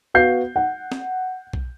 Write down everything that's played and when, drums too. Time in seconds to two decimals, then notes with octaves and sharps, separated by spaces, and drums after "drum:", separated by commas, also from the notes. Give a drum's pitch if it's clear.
0.14 B3 F#4 F5 G6 C7
0.56 F#5
0.92 drum: snare
1.53 drum: kick B1